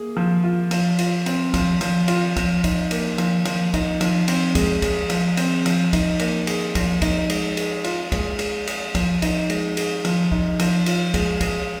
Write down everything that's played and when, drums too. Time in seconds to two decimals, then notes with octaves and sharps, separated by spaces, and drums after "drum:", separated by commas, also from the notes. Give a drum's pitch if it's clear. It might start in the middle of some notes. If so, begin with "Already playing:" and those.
Already playing: A#3 G#4
0.17 F3
0.44 F4
0.71 F3, drum: cymbal
0.99 F4, drum: cymbal
1.26 C4, drum: cymbal
1.54 F3, drum: kick, cymbal
1.81 F3, drum: cymbal
2.08 F4, drum: cymbal
2.36 F3, drum: kick, cymbal
2.64 D#4, drum: kick, cymbal
2.91 A#3, drum: cymbal
3.18 F3, drum: cymbal
3.45 F3, drum: cymbal
3.74 D#4, drum: kick, cymbal
4.01 F3, drum: cymbal
4.28 C4, drum: cymbal
4.55 G#3, drum: kick, cymbal
4.82 G#4, drum: kick, cymbal
5.10 F3, drum: cymbal
5.37 C4, drum: cymbal
5.66 F3, drum: cymbal
5.93 D#4, drum: kick, cymbal
6.19 A#3, drum: cymbal
6.47 G#4, drum: cymbal
6.75 F3, drum: kick, cymbal
7.02 D#4, drum: kick, cymbal
7.30 G#3, drum: cymbal
7.57 G#4, drum: cymbal
7.84 F4, drum: cymbal
8.12 G#3, drum: kick, cymbal
8.39 G#3, drum: cymbal
8.67 G#4, drum: cymbal
8.95 F3, drum: kick, cymbal
9.22 D#4, drum: kick, cymbal
9.50 G#3, drum: cymbal
9.77 G#4, drum: cymbal
10.05 F3, drum: cymbal
10.32 D#4, drum: kick
10.60 F3, drum: cymbal
10.86 F4, drum: cymbal
11.14 G#3, drum: kick, cymbal
11.41 G#4, drum: kick, cymbal